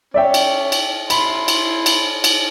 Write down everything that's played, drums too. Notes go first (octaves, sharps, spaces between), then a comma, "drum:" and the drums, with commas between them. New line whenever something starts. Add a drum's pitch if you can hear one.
C#4 D5 E5 G5
drum: cymbal
drum: cymbal
E4 B5 C6, drum: cymbal
drum: cymbal
drum: cymbal
drum: cymbal